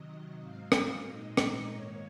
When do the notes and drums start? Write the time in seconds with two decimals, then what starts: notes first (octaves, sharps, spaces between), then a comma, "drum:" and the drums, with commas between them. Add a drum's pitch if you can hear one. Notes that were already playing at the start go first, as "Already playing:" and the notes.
Already playing: C3 D#3 F#3 D#5
0.39 G#2 F#3 C4 F5
0.72 drum: rim click
1.04 A#2 G#3 C4 D#4 D#5
1.37 drum: rim click
1.70 G#2 D#3 A#3 C#5